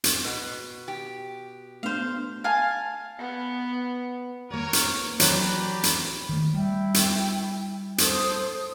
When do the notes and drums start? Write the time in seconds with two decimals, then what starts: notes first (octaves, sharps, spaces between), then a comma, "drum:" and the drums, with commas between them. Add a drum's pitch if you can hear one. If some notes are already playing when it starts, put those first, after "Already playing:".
0.04 drum: hi-hat
0.24 B2
0.88 G4
1.83 A3 B3 D4 C5 F5
2.44 F5 G#5 A5
3.19 B3
4.50 A#3 F#4 A#4 B4 C#5
4.73 drum: hi-hat
5.20 E3 F#3 G4 D5 B5, drum: hi-hat
5.83 drum: hi-hat
6.29 D#3 A3
6.54 G3 E4 G5
6.94 drum: hi-hat
7.98 A4 C5 D#6, drum: hi-hat